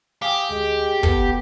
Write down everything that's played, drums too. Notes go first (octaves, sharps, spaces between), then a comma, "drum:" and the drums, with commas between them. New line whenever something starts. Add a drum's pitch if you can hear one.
G4 F5 G#5 D#6
D2 G#3
B3 A4 G5, drum: kick